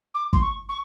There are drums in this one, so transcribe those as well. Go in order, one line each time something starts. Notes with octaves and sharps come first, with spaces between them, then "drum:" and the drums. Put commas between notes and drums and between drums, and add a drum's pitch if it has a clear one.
D6
C6, drum: kick
C#6
C#6